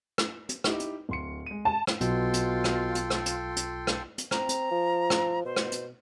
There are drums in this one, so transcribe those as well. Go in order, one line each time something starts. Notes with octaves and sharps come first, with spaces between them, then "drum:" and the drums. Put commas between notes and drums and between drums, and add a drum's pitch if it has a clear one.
drum: rim click
drum: hi-hat
D#4 E4 G4, drum: rim click
drum: hi-hat
D1 C6 C#7
G#3 D#7
A5
drum: rim click
B1 B2 F4 A4 G5 C6, drum: hi-hat
drum: hi-hat
drum: rim click
drum: hi-hat
drum: rim click
drum: hi-hat
drum: hi-hat
drum: rim click
drum: hi-hat
C4 A#5, drum: rim click
drum: hi-hat
F3
drum: rim click
B2 C5
drum: rim click
drum: hi-hat